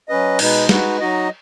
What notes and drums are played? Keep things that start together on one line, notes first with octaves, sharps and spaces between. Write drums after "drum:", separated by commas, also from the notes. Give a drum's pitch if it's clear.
F#3 C#4 B4 D#5
B2 G#3 D#4 B4, drum: cymbal
G#3 D#4 F#4 B4, drum: snare
F#3 D#4 F#4 D#5